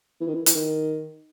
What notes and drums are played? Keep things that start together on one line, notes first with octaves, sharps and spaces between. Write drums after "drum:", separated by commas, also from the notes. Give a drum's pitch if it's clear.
E3
D#3
E3
E3, drum: hi-hat
D#3